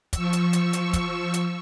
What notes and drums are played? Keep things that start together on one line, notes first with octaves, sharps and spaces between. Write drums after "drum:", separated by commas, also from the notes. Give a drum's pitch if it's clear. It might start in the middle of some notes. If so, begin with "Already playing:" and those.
F3 C#6 E6, drum: kick, hi-hat
drum: hi-hat
drum: hi-hat
drum: hi-hat
drum: kick, hi-hat
drum: hi-hat